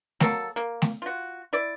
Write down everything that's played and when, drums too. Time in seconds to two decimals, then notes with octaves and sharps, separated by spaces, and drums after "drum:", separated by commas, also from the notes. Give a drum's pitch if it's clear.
0.20 F#3 A#3 A4, drum: snare A3
0.56 A#3
0.82 drum: snare A3
1.02 F4 F#4
1.53 E4 D5